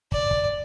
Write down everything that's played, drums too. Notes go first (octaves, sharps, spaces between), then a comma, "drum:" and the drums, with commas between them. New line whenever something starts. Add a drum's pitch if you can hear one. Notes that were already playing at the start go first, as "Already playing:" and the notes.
D5, drum: kick
drum: kick